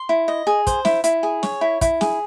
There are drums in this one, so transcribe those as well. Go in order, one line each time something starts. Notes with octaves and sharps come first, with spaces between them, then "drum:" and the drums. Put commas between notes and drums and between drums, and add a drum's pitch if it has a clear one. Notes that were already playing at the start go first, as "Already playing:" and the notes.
Already playing: C6
E4
D#5
G#4
C5, drum: kick, hi-hat
E4, drum: snare
E4, drum: hi-hat
G#4
C#5, drum: snare
E4
E4, drum: kick, hi-hat
G#4, drum: snare